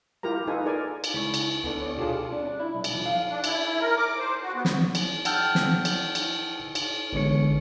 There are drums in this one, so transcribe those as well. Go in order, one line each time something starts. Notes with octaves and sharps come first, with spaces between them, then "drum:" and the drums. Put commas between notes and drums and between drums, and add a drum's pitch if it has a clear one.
E4 F4 G4 A#4 A#5
D#4 F4 A4 B4 G#5
G#4 A#4 D5 G#5
drum: cymbal
C#2 E4 C#6
drum: cymbal
D2 B3 D4 A4
C#5 D5
B2 D4 F4 G4 G#4 A5
D4
D4
E4
B1
drum: cymbal
F2
F5
D4
E4, drum: cymbal
E4
A#4
D6
C5
F#4
B3
drum: snare
drum: cymbal
F#5 G5 A5 E6 F6 G6, drum: cymbal
drum: snare
drum: cymbal
drum: cymbal
drum: cymbal
A1 D3 G#3 B3 C#5 C#7